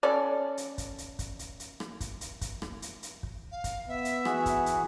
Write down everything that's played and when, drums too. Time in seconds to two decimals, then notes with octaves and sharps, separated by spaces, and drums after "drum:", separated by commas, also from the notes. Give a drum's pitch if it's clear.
0.03 C#4 A4 D5
0.57 drum: hi-hat
0.78 drum: kick, hi-hat
0.98 drum: hi-hat
1.19 drum: kick, hi-hat
1.39 drum: hi-hat
1.60 drum: hi-hat
1.80 drum: rim click
2.00 drum: kick, hi-hat
2.21 drum: hi-hat
2.41 drum: kick, hi-hat
2.62 drum: rim click
2.82 drum: hi-hat
3.03 drum: hi-hat
3.23 drum: kick
3.51 F5
3.64 drum: kick, hi-hat
3.88 B3 E5
4.05 drum: hi-hat
4.25 E3 F#4 G#4, drum: rim click
4.46 drum: kick, hi-hat
4.66 drum: hi-hat